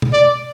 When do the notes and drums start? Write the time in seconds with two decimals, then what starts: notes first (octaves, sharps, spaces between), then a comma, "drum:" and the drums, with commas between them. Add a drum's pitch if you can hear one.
0.02 drum: tom B2
0.13 D5